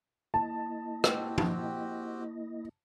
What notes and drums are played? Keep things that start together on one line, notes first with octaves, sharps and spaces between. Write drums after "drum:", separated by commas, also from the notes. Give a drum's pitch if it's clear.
A#3 E4 D#5 A5
C4 F#4 G4, drum: rim click
drum: tom